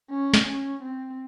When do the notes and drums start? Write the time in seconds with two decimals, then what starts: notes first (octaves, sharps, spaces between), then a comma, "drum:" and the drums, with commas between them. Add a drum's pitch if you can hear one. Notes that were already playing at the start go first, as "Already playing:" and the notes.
0.11 C#4
0.34 drum: snare
0.46 C#4
0.82 C4